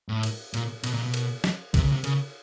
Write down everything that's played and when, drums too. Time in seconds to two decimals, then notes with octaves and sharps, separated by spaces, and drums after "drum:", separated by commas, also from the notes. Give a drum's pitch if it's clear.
0.09 A2
0.23 drum: cymbal
0.54 A#2, drum: cymbal
0.84 B2, drum: cymbal
0.93 A#2
1.03 B2
1.14 drum: cymbal
1.44 drum: snare
1.74 C3, drum: kick, cymbal
1.84 C#3
1.92 C3
2.04 C#3, drum: cymbal